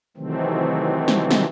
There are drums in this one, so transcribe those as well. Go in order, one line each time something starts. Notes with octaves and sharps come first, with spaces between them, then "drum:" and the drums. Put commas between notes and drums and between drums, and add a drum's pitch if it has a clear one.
C3 D#3 E3 F#3 A3 C4
drum: snare
drum: snare